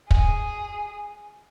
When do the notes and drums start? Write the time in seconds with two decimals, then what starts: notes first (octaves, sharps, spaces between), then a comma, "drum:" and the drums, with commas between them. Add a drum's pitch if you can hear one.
0.11 G#4, drum: kick